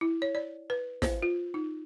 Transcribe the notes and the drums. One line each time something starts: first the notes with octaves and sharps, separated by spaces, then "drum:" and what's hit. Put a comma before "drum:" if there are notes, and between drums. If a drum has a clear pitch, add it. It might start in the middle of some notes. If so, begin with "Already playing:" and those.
E4
C#5
D5
B4
C5, drum: snare
F4
D#4